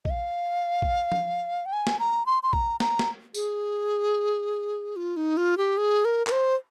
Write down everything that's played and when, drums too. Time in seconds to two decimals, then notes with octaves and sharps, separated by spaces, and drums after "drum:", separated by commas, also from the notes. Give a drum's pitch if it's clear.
0.05 D#5, drum: kick
0.10 F5
0.82 drum: kick
1.12 drum: tom F3
1.66 G5
1.73 G#5
1.87 drum: snare
1.99 A#5
2.26 C6
2.43 C6
2.53 A#5, drum: kick
2.80 A#5, drum: snare
2.99 drum: snare
3.34 G#4, drum: tambourine
4.96 F4
5.17 D#4
5.37 F4
5.57 G4
5.77 G#4
6.05 A#4
6.27 A#4, drum: clap
6.32 C5